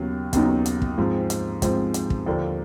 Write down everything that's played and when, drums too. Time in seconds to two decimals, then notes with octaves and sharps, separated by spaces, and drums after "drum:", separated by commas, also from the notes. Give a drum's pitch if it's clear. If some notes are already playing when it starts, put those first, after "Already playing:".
Already playing: D#2 C#3 F#3 B3
0.33 D#2 C#3 F#3 B3 D#4, drum: kick, hi-hat
0.66 drum: hi-hat
0.82 drum: kick
0.98 G#2 F3 G#3 C4
1.30 drum: hi-hat
1.62 G#2 F3 G#3 C4, drum: kick, hi-hat
1.94 drum: hi-hat
2.10 drum: kick
2.26 D#2 D3 F3 A#3 D4